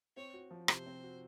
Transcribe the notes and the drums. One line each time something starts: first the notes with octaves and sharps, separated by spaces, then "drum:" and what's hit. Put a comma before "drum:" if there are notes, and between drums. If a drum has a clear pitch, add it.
C4 C#5
F#4
F3
C3 C5, drum: rim click
C4
F#4